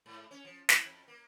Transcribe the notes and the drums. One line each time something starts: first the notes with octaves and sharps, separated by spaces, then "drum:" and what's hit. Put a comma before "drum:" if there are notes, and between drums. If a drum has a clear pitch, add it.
G#2
C#4
F3
E4, drum: snare
F2
A#3